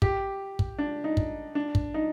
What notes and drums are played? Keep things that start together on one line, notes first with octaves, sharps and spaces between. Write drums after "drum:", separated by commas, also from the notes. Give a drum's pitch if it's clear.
G4, drum: kick
drum: kick
D4
D#4
drum: kick
D4
drum: kick
D#4